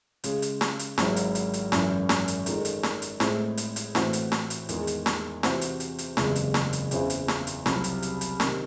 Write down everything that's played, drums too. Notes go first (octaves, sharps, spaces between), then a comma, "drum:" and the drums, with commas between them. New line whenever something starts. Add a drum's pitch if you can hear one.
C#3 G#3 C#4, drum: hi-hat
drum: hi-hat
drum: snare
drum: hi-hat
G#1 G#2 F#3 C4 E4, drum: snare
drum: hi-hat
drum: hi-hat
drum: hi-hat
G#1 F#2 E3, drum: snare
drum: snare
drum: hi-hat
D#3 G#3 D#4 A4, drum: hi-hat
drum: hi-hat
drum: snare
drum: hi-hat
A2 G#3 C4 E4 G#4, drum: snare
drum: hi-hat
drum: hi-hat
A2 E3 C4 F#4, drum: snare
drum: hi-hat
drum: snare
drum: hi-hat
E2 D#3 G#3, drum: hi-hat
drum: hi-hat
drum: snare
C3 E3 C4 F#4 C5, drum: snare
drum: hi-hat
drum: hi-hat
drum: hi-hat
F#1 E2 C3 E3 G#3, drum: snare
drum: hi-hat
drum: snare
drum: hi-hat
E2 C#3 E3 C4 E4, drum: hi-hat
drum: hi-hat
drum: snare
drum: hi-hat
C2 C3 F#3, drum: snare
drum: hi-hat
drum: hi-hat
drum: hi-hat
C3 D#3, drum: snare